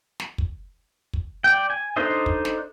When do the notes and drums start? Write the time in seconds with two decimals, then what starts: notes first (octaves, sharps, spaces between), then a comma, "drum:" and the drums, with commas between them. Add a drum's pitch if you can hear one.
0.20 drum: snare
0.38 drum: kick
1.13 drum: kick
1.44 D5 G5
1.70 G#5
1.96 D4 D#4 A4 C5 D#5
2.26 drum: kick
2.45 drum: snare